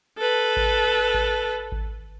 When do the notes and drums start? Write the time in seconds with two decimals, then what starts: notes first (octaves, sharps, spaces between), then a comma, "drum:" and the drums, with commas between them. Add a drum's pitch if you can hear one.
0.18 A4 B4
0.57 drum: kick G#1
1.14 drum: kick G#1
1.72 drum: kick G#1